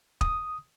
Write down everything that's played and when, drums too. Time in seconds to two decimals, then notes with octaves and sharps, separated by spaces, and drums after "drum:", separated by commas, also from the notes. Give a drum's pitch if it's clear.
0.21 D#6, drum: kick